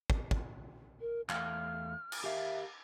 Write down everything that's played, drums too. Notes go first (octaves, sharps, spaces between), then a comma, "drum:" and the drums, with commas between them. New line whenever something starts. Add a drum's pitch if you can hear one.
drum: kick
drum: kick
A#4
E2 A3 F5 F6, drum: clap
drum: cymbal
G4 A#4 E5 F5